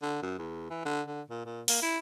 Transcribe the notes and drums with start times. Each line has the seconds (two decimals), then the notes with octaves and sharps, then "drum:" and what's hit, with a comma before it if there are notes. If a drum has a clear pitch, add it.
0.02 D3
0.22 F#2
0.38 E2
0.70 E3
0.85 D3
1.07 D3
1.30 A#2
1.45 A#2
1.68 A#3, drum: open hi-hat
1.82 E4